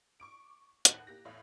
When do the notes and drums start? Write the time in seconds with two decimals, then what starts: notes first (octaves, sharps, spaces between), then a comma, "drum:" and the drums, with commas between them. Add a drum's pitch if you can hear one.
0.20 C#6 D6 D7
0.85 D#2 A2 F#5 F#6, drum: hi-hat
1.07 A#3 G4 A#6
1.25 E2 A2 C#5 E5 F5